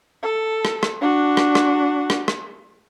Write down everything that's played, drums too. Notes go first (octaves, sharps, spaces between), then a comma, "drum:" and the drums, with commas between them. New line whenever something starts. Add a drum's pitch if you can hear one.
A4
drum: rim click
drum: rim click
D4 F#4
drum: rim click
drum: rim click
drum: rim click
drum: rim click